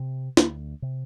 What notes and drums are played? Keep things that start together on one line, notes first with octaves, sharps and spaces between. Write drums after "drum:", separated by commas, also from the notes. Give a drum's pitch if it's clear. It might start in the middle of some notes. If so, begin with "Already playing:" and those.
Already playing: C3
D2 A#3, drum: snare
C3